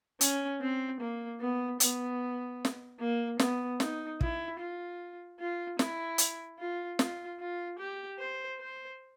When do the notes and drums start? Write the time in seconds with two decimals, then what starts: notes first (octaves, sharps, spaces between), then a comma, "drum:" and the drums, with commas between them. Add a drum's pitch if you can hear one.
0.21 C#4, drum: hi-hat
0.61 C4
1.00 A#3
1.41 B3
1.80 B3, drum: hi-hat
2.65 drum: snare
3.00 A#3
3.39 B3, drum: snare
3.80 D#4, drum: snare
4.21 E4, drum: kick
4.60 F4
5.40 F4
5.79 E4, drum: snare
6.18 drum: hi-hat
6.59 F4
6.99 F4, drum: snare
7.40 F4
7.79 G4
8.19 C5
8.59 C5